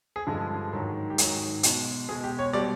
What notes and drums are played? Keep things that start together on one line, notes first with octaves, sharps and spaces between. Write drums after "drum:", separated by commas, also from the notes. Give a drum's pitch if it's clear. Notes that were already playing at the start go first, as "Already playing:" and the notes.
G#4
G2 D3 F3 G#3
G#2 D#3 F#3
G4
G#2 D#3 F#3 G#4, drum: hi-hat
B2 G#3, drum: hi-hat
B2 G#3 G#4
G4
C#5
B2 G3 D5